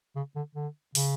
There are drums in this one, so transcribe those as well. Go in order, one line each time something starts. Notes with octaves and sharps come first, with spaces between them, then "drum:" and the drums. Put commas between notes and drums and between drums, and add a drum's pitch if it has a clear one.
C#3
D3
D3
C#3, drum: open hi-hat